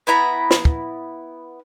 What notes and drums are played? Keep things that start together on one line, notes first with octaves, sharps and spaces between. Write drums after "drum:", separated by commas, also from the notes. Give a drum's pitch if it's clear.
B3 E4 A#5 B5
drum: snare
drum: kick